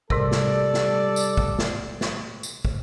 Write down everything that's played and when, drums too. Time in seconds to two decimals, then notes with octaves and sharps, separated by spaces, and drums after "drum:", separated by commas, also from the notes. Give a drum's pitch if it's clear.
0.10 G#2 C3 G3 A4 A#4 D5, drum: kick
0.31 drum: snare
0.74 drum: snare
1.16 drum: tambourine
1.37 drum: kick
1.59 drum: snare
2.01 drum: snare
2.43 drum: tambourine
2.65 drum: kick